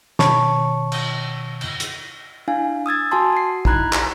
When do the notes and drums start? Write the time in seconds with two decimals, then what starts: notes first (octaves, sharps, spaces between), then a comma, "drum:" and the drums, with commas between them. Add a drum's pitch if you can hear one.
0.19 B2 D#3 C#5 A5 B5 C#6, drum: snare
0.92 drum: cymbal
1.61 drum: cymbal
1.80 drum: hi-hat
2.48 D4 E4 F5 G#5
2.86 D#6 E6 G#6 A6
3.11 F#4 G#5 A5 C6
3.32 F#4 C7
3.65 D#4 E4 A#5 B5 F#6 G#6, drum: kick
3.93 drum: clap